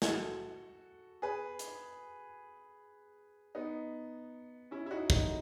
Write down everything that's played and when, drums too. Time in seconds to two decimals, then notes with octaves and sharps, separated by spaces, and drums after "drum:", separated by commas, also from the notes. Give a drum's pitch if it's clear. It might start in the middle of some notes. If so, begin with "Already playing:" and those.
0.02 G#4, drum: snare
0.06 F#4 A4
1.22 G#4 B4
1.59 drum: hi-hat
3.55 B3 D#4
4.71 C#4 E4
4.86 E4
4.91 D#4 F#4
5.10 D#4 F#4, drum: kick